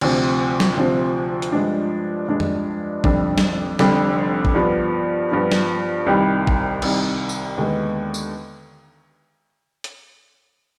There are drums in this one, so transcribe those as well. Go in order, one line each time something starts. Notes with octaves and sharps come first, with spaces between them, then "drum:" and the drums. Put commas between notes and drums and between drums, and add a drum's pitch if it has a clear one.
D2 C3 F3 C4, drum: cymbal
drum: snare
D2 C3 F3 C4
drum: hi-hat
G2 F3 G#3 D4
G2 F3 G#3 D4
drum: tom
F1 F2 D3 G3 D4, drum: kick
drum: snare
F1 F2 D3 G3 D4, drum: snare
drum: kick
G2 F3 B3
G2 F3 B3
drum: snare
C2 C3 D#3 G3
drum: kick
C2 C3 D#3 G3, drum: cymbal
drum: tambourine
D#2 D3 G#3 B3
drum: tambourine
drum: hi-hat